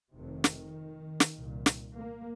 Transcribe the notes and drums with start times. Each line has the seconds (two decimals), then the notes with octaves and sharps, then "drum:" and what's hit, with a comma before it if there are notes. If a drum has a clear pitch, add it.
0.13 F1 F2 C3 D#3
0.44 drum: snare
1.20 drum: snare
1.35 C2 A#2
1.66 drum: snare
1.97 A#3